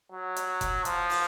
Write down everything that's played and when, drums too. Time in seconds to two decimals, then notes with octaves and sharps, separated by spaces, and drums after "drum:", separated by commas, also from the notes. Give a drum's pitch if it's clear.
0.12 F#3
0.36 drum: hi-hat
0.61 drum: kick F1, hi-hat
0.85 F3, drum: hi-hat
1.10 drum: open hi-hat